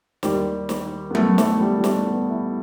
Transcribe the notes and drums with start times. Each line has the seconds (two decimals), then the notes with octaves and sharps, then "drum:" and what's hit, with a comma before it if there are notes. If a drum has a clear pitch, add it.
0.23 D#2 D#3 G3, drum: snare
0.69 drum: snare
1.11 B3
1.15 A3, drum: tom F#3
1.38 A3, drum: snare
1.61 G3
1.78 G3
1.84 A3, drum: snare
2.07 B3
2.30 E4